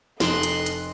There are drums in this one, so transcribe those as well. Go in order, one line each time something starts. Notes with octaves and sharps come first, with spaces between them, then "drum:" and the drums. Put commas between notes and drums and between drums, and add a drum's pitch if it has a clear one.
F1 A4 D#5 C6 F#6 D7 E7, drum: snare
drum: hi-hat
drum: hi-hat